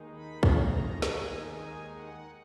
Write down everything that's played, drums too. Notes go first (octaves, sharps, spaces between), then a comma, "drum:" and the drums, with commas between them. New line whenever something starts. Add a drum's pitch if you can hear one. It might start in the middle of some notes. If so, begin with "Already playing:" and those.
Already playing: D#2 D#3 G#3 D#4
B5
drum: kick
A#5
G#5, drum: snare
G#5
F#5